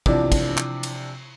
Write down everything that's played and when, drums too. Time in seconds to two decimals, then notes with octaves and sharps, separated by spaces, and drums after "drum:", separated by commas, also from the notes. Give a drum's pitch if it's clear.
0.06 C3 E3 F3 D4, drum: kick
0.32 drum: kick, cymbal
0.57 drum: clap
0.83 drum: cymbal